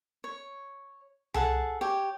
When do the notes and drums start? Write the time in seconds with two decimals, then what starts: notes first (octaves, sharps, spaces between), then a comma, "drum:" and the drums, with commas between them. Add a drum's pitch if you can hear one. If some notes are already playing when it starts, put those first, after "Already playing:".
0.24 C#5
1.34 G#4 A4 F#5 A5, drum: tom C2
1.81 G4 C#5